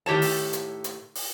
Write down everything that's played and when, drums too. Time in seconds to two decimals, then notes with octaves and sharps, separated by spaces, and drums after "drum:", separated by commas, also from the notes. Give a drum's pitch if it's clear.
0.06 A2 D#3 G4 C#5 A5
0.22 drum: open hi-hat
0.53 drum: hi-hat
0.84 drum: hi-hat
1.15 drum: open hi-hat